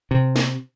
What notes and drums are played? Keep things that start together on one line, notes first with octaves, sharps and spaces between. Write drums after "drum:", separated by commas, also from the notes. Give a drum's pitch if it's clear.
C3
drum: snare